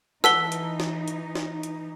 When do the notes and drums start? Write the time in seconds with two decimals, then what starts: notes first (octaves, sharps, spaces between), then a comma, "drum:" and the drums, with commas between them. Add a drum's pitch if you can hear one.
0.24 E3 D#4 B4 F#5 A5 E6 B6 G7, drum: snare
0.52 drum: hi-hat
0.80 drum: snare
1.08 drum: hi-hat
1.35 drum: snare
1.63 drum: hi-hat